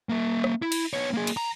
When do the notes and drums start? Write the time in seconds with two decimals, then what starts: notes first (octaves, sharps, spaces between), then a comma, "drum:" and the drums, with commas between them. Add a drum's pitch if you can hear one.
0.09 A#3 E5
0.44 drum: rim click
0.62 E4
0.72 drum: cymbal
0.94 B3 C#5
1.13 A#3 G#4
1.27 drum: cymbal
1.37 A#5